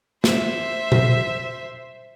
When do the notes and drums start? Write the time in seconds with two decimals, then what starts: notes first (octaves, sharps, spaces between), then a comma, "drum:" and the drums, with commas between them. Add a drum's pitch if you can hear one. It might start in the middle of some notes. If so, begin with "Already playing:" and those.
0.24 C5 E5, drum: snare
0.92 drum: tom A#2